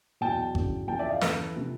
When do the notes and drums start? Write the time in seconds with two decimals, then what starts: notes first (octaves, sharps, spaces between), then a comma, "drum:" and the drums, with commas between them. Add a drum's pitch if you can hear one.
0.21 E2 B2 F#3 G5 A5
0.55 E2 C#3 F#3, drum: kick G#1
0.88 E2 C#3 F3 G5 A5
0.99 D5 E5
1.10 D#5 F5
1.21 E2 C#3 E3 A4 B4, drum: snare
1.56 C3 F3